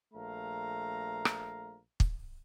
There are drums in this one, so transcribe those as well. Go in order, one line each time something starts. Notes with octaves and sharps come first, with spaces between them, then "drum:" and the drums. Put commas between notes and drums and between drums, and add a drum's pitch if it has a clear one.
A#1 A3 F5 A#5
drum: rim click
drum: kick